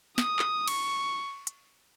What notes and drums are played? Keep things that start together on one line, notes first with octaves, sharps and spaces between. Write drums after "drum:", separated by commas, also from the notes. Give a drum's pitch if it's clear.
D#6, drum: snare
drum: clap
C#6, drum: cymbal
drum: hi-hat